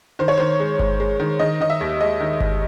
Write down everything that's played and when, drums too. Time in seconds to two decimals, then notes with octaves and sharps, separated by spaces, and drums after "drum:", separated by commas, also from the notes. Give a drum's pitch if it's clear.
0.19 D#3 C5
0.28 C#5
0.38 D#3 C5
0.60 G#3
0.79 G#3, drum: kick G1
1.00 G#3
1.20 D#3
1.39 D#3 D#5
1.60 D#3 D#5
1.70 E5
1.81 D#2
2.00 G#3 D#5
2.20 D#3
2.40 G#3, drum: kick G1